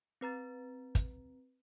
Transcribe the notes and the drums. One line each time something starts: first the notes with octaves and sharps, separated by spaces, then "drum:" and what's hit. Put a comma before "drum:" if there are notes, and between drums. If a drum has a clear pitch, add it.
C4 B4 A#5 A6
drum: kick, hi-hat